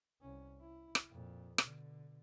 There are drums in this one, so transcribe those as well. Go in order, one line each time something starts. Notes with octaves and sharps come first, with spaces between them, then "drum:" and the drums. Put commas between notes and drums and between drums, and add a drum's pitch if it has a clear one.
C2 C#4
E4
drum: rim click
F2 A#2
B2 D3, drum: rim click